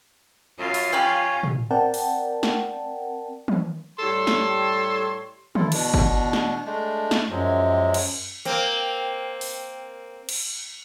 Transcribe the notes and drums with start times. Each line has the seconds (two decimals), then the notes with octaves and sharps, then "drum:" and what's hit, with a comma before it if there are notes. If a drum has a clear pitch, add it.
0.59 F#2 F4
0.74 drum: open hi-hat
0.92 F3 C#4 G4 B5
1.43 drum: tom
1.71 C4 A#4 D5 F#5 G5 A5
1.94 drum: open hi-hat
2.43 drum: snare
3.48 drum: tom
4.00 A2 G3 G4 A4 C#5 C6
4.27 drum: snare
5.55 E4 F4 A4, drum: tom
5.72 E2 B2 D4, drum: cymbal
5.94 drum: kick G1
6.33 drum: snare
6.66 G#3 A3 D4
7.11 drum: snare
7.30 F#2 F3 F#3 G#3
7.94 drum: cymbal
8.45 A#3 C4, drum: hi-hat
9.41 drum: open hi-hat
10.29 drum: cymbal